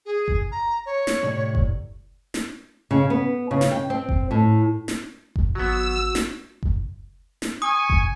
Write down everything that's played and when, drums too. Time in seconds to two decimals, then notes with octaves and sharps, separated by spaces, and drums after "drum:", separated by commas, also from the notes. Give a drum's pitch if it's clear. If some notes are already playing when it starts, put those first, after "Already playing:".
0.05 G#4
0.28 drum: kick F#1
0.52 A#5
0.86 C#5
1.07 drum: snare
1.23 A2 C3 D5
1.55 drum: kick F#1
2.34 drum: snare
2.91 C#3
3.10 B3
3.51 C#3
3.61 drum: snare
3.71 G5
3.90 C4
4.09 drum: kick F#1
4.31 A2
4.88 drum: snare
5.36 drum: kick F#1
5.55 G#1 F#3 B3 F#4 E6
6.15 drum: snare
6.63 drum: kick F#1
7.42 drum: snare
7.62 G#5 C#6 D#6
7.90 drum: kick F#1